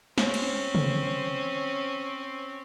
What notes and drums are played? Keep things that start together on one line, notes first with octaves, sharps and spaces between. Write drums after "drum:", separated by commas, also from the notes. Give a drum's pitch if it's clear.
C4 C#4, drum: snare
drum: cymbal
drum: tom